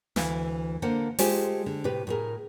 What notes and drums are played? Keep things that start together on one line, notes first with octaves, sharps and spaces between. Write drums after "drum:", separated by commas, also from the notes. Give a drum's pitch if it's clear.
D2 E3 E4 F5, drum: snare
D3 A#3 C5 F#5
G#3 A3 F4 G4 G#4 C5, drum: open hi-hat
D3
A2 C3 G4 B4
A2 G#4 A#4